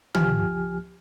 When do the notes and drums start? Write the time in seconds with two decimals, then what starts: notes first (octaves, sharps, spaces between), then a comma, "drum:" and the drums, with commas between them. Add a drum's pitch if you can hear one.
0.15 C#2 F3 G4 G#5 F6, drum: tom